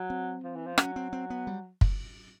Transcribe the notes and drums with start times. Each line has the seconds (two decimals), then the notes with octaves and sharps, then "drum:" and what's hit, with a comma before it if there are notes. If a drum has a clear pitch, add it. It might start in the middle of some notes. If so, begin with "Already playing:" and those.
Already playing: F#3
0.10 C4
0.44 F3
0.55 E3
0.67 F3
0.78 F#3 C#4, drum: rim click
0.96 C4
1.13 C4
1.30 B3
1.47 G3
1.81 drum: kick